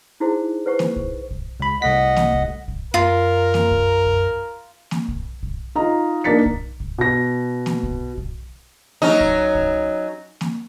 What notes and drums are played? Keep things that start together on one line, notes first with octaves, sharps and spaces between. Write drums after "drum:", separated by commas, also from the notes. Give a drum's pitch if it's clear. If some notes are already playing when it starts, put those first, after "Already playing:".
D#4 E4 F#4 G#4 C5
B4 C5 F#5 C#6
drum: snare A#3
drum: kick B1
drum: kick B1
C#2 B5
C2 A3 D#5 F#5 B6
drum: snare A#3
drum: kick B1
drum: kick B1
F#2 F4 A#4
drum: snare A#3
drum: kick B1
drum: kick B1
drum: snare A#3
drum: kick B1
drum: kick B1
D#4 F4 D#5 A#5
A#3 D4 D#4 A6 B6 C#7
drum: kick B1
drum: kick B1
B2 A#6
drum: snare A#3
drum: kick B1
drum: kick B1
F#3 C#4 D#4, drum: snare A#3
drum: kick B1
drum: kick B1
drum: snare A#3